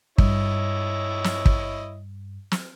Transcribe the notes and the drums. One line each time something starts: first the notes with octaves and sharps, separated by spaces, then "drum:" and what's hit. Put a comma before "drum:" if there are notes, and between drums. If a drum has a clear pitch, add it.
G2 E4 C#5 D#5, drum: kick
drum: snare
drum: kick
drum: snare